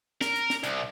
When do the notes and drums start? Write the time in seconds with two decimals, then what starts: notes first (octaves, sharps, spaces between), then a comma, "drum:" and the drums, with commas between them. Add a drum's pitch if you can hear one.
0.21 A#4, drum: snare
0.36 drum: hi-hat
0.50 drum: snare
0.63 C2, drum: hi-hat